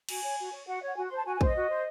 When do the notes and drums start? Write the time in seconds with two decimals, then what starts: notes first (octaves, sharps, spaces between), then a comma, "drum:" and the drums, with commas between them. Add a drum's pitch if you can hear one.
0.09 F#4 G#5, drum: cymbal
0.23 C#5
0.38 F#4
0.52 C#5
0.67 F#4 F#5
0.82 C#5 F#5
0.96 F#4 G#5
1.07 C6
1.11 C5 A5
1.25 F#4 G#5
1.35 G#5
1.41 C5 D#5, drum: kick
1.55 F#4
1.70 C5